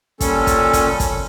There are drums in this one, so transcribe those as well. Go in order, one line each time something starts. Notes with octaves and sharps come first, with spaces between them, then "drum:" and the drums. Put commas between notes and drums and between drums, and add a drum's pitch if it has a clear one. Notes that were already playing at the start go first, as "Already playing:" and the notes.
A#2 G3 C#4 A4, drum: kick, hi-hat
drum: kick, hi-hat
drum: kick, hi-hat
drum: kick, hi-hat